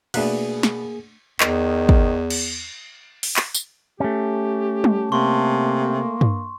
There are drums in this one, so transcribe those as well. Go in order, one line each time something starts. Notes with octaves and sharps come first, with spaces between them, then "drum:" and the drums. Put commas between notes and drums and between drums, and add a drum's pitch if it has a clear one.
B2 A3 A#3 D4 G#4 D5 E5, drum: cymbal
drum: snare
E2 D#3, drum: clap
drum: kick
drum: cymbal
drum: open hi-hat
drum: clap
drum: tambourine
A3 C#4 G4
drum: tom G3
C3 A#3 C6 C#6
drum: tom G2